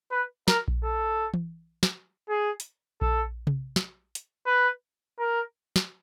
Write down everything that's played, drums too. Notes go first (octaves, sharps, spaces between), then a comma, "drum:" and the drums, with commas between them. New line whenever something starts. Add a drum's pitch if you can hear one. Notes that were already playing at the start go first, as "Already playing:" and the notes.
B4
A#4, drum: snare
drum: kick A#1
A4
drum: tom E3
drum: snare
G#4
drum: hi-hat
A4, drum: kick A#1
drum: tom C3
drum: snare
drum: hi-hat
B4
A#4
drum: snare